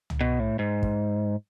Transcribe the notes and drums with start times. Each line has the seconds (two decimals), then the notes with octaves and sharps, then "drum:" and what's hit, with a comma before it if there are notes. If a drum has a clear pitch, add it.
0.10 drum: tom
0.21 B2
0.40 A2
0.59 G#2
0.83 drum: kick